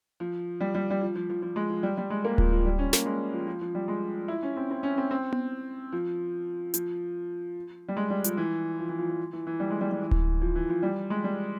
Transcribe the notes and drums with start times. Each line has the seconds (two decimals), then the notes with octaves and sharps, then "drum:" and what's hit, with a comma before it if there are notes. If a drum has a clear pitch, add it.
0.20 F3
0.61 G3
0.75 G3
0.91 G3
1.01 F3
1.16 F3
1.30 F3
1.42 F3
1.56 G#3
1.70 F3
1.83 G3
1.98 G3
2.10 G#3
2.25 A#3
2.38 F3, drum: kick D1
2.52 F3
2.65 G3
2.79 C#4
2.93 A#3, drum: snare
3.06 G#3
3.33 F3
3.47 F3
3.61 F3
3.75 G3
3.88 G#3
4.28 E4
4.43 C#4
4.57 C4
4.70 C4
4.83 C#4
4.98 C4
5.11 C4
5.33 drum: tom B3
5.92 F3
6.74 F3, drum: hi-hat
7.88 G3
7.97 G#3
8.10 G3
8.24 F3, drum: hi-hat
8.37 E3
8.79 F3
8.89 E3
8.99 F3
9.10 F3
9.33 E3
9.47 E3
9.60 G3
9.70 G#3
9.81 G3
9.91 G3
10.01 E3
10.11 drum: kick D1
10.41 F3
10.55 E3
10.70 F3
10.83 G3
11.10 G#3
11.24 G3